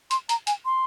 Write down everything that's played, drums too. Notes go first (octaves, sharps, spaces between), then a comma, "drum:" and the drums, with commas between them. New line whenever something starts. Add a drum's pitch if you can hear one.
C6, drum: hi-hat
A#5, drum: hi-hat
G#5, drum: hi-hat
C6